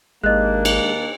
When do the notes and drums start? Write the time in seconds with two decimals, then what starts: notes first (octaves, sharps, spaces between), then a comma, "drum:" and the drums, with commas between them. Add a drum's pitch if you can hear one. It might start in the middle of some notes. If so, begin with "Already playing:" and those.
0.24 G#1 D#2 G#3 A#3 D4 D#5 F#6
0.65 drum: cymbal